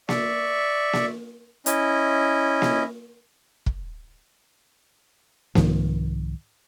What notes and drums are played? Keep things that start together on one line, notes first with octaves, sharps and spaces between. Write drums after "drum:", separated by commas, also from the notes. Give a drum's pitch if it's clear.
D5 E5 C#6, drum: snare A#3
drum: snare A#3
C#4 E4 D#5, drum: hi-hat
drum: snare A#3
drum: kick
C2 G#2 D#3 F3, drum: snare A#3